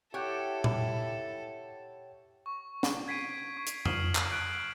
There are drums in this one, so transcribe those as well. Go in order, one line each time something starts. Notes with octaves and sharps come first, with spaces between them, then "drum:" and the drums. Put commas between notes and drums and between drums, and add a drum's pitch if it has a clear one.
E4 G4 A4 C#5 F#5 G5
drum: tom A#2
C#6
drum: snare
G#6 B6 C7 D7 D#7
C#6
drum: hi-hat
D#6 F6 C7 D#7 E7 F#7, drum: tom F2
drum: clap
F#6 D7